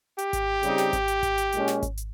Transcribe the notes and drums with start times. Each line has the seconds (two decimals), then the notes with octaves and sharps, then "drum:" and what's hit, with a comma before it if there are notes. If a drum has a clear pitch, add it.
0.18 G4, drum: hi-hat
0.33 drum: kick G#1, hi-hat
0.63 C#3 G3 C4 D#4, drum: hi-hat
0.78 drum: snare
0.93 drum: kick G#1, hi-hat
1.08 drum: hi-hat
1.23 drum: kick G#1, hi-hat
1.38 drum: hi-hat
1.52 A#2 G#3 C#4, drum: hi-hat
1.68 drum: snare
1.82 drum: kick G#1, hi-hat
1.97 drum: hi-hat